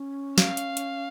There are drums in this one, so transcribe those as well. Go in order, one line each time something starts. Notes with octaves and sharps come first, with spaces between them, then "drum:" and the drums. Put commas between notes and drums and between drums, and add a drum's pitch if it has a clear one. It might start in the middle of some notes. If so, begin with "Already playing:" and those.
Already playing: C#4
F5, drum: snare
drum: hi-hat
drum: hi-hat